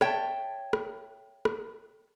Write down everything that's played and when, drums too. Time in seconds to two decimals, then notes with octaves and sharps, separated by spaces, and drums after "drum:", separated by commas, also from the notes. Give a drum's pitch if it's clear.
0.01 C#5 E5 G5 A5, drum: rim click
0.73 drum: rim click
1.45 drum: rim click